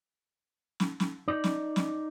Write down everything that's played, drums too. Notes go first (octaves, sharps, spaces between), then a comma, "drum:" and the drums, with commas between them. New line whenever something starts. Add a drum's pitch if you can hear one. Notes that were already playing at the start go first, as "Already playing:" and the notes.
drum: snare
drum: snare
D#4 D5
drum: snare
drum: snare